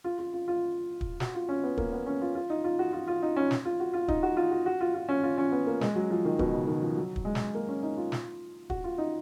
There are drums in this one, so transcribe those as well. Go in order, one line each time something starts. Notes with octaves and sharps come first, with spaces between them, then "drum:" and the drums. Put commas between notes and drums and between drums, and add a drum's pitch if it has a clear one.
F4
F4
F4
F4
drum: kick
F#4, drum: snare
F4
C#4
B3
A#3, drum: kick
B3
C#4
F4
F4
D#4
F4
F#4
F4
F4
D#4
C#4
drum: snare
F4
F#4
F4
D#4, drum: kick
F#4
F4
F#4
F#4
F4
F4
C#4
F4
C#4
B3
A#3
G#3, drum: snare
F#3
F3
D#3
B2, drum: kick
C#3
D#3
F3
F#3
drum: kick
G#3
drum: snare
A#3
C#4
D#4
F4
drum: snare
F#4, drum: kick
F4
D#4